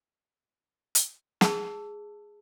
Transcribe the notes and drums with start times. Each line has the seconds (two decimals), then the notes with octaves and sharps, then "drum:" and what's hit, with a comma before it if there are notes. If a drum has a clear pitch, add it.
0.95 drum: hi-hat
1.41 G#4 A5 E6, drum: snare